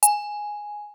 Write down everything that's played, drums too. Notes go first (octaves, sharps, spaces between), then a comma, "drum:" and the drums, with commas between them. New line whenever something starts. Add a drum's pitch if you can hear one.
G#5, drum: hi-hat